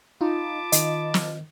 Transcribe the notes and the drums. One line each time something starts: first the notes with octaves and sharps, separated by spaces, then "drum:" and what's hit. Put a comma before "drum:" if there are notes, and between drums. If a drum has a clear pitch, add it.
D#4 F4 A5 B5 D6
D#3 D#5, drum: hi-hat
drum: snare